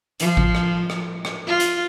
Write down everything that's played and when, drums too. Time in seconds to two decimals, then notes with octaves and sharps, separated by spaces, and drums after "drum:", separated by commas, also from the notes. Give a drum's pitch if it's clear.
0.20 F3, drum: hi-hat
0.37 drum: kick A1
0.55 drum: rim click
0.90 drum: rim click
1.25 drum: rim click
1.47 F4
1.60 drum: hi-hat